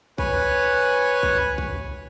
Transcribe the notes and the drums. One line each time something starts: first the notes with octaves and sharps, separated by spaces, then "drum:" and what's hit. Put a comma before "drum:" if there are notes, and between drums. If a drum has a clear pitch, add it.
B4 C#5 G#5, drum: kick
drum: kick
drum: kick